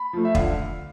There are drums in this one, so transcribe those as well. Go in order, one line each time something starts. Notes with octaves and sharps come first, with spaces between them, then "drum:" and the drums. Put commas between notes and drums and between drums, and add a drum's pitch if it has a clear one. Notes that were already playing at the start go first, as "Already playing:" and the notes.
Already playing: B5
F3 A3
E5
D3 F5, drum: kick